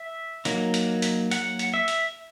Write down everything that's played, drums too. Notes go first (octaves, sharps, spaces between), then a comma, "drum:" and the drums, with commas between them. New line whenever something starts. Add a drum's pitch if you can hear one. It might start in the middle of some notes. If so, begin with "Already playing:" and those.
Already playing: E5
F#3 A#3 D#4, drum: hi-hat
drum: hi-hat
drum: hi-hat
F#5, drum: hi-hat
drum: hi-hat
E5
drum: hi-hat